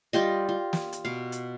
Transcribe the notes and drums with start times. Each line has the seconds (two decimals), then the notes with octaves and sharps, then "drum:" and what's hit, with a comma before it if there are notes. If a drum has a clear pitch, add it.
0.13 G3 F4 G4 D#5
0.49 F4
0.73 drum: snare
0.93 drum: hi-hat
1.05 B2 F5
1.32 drum: hi-hat